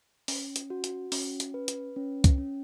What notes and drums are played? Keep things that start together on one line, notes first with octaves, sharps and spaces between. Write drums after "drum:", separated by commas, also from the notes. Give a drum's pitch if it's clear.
C#4, drum: open hi-hat
drum: hi-hat
F#4
drum: hi-hat
C#4, drum: open hi-hat
drum: hi-hat
B4
drum: hi-hat
C#4
drum: kick C2, hi-hat
C#4